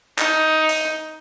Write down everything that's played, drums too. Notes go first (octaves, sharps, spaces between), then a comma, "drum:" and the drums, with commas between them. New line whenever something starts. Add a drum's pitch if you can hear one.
D#4, drum: clap
drum: open hi-hat